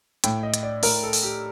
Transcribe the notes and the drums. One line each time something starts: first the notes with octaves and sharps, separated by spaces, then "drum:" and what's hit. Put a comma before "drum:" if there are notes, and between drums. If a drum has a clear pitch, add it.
A2 G5, drum: hi-hat
D#5
drum: hi-hat
D5
A2 A#4, drum: open hi-hat
A4
drum: open hi-hat
G4